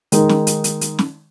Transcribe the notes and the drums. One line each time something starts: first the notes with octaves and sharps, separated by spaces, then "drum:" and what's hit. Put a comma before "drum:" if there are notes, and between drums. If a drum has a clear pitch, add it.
D#3 G#3 D#4, drum: hi-hat
drum: snare
drum: hi-hat
drum: hi-hat
drum: hi-hat
drum: snare